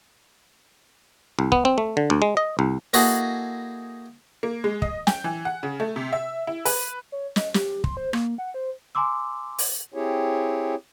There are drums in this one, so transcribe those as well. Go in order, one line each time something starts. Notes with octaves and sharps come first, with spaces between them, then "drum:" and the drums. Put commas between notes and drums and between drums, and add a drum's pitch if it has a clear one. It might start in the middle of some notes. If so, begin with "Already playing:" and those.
C2
B3, drum: kick
C4
A3
D3
D2
G#3
D#5
C2
A#3 D#4 E4 F#4 G#4 A4, drum: open hi-hat
A#3
G#3
D#5, drum: kick
G5, drum: snare
E3
F#5
C#3
A3
C3
E5
E4
B4, drum: open hi-hat
C#5
D#5, drum: snare
G4, drum: snare
C6, drum: kick
C5
A#3, drum: rim click
F#5
C5
G#5 A#5 C6 D6 E6
drum: open hi-hat
C4 E4 G4 G#4 C#5